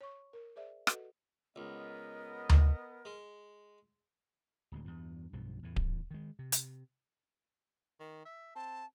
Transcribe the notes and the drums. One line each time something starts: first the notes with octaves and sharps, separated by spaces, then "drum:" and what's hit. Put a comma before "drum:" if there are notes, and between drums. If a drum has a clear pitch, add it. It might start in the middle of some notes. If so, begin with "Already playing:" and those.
C#5 C#6
A#4
G#4 C5 D5 E5
F#4 A4 B4 D#5 F#5, drum: rim click
C#2 B3 A#4 D#5
drum: tom D2
G#3
D1 D2 G#3
E2 G2
B1 G2 B2 F3
E2 A2 E3
drum: kick D1
D#3 G#3
C3
drum: hi-hat
D#3
E5
C4 A5